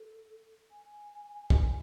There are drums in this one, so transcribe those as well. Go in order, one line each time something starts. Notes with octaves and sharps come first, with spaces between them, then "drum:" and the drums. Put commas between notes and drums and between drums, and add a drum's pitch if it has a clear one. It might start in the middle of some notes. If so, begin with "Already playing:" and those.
Already playing: A4
G#5
drum: kick